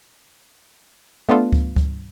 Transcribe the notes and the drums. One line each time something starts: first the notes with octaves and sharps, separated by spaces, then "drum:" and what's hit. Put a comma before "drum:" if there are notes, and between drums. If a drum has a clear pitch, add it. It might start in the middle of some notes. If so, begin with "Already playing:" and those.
A3 B3 D4 F4 A4
drum: kick C#2
drum: kick C#2